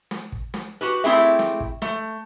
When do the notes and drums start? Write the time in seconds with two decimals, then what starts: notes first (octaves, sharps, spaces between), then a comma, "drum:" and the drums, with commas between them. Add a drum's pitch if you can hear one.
0.11 drum: snare
0.32 drum: kick
0.54 drum: snare
0.81 F#4 G4 B4
1.04 A3 C4 E4 G4 G#4 E5
1.39 drum: snare
1.60 drum: kick
1.82 A3, drum: snare